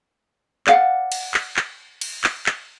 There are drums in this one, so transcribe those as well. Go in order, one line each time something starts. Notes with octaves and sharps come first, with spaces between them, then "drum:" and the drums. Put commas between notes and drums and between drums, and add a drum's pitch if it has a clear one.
D5 F5 F#5, drum: clap
drum: cymbal
drum: clap
drum: clap
drum: cymbal
drum: clap
drum: clap